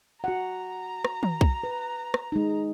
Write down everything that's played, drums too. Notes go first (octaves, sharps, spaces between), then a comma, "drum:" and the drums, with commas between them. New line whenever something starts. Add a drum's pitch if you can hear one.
F#4 F#5 A#5
drum: rim click
drum: tom
drum: kick B1
B4
drum: rim click
G#3 D#4